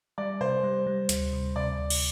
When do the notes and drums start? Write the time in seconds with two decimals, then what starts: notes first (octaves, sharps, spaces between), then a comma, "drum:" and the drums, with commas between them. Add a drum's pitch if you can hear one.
0.18 G3 D5
0.41 C3 C5
0.64 G3
0.87 G3
1.09 D2, drum: hi-hat
1.33 C3
1.56 C3 D5
1.79 D2
1.90 drum: cymbal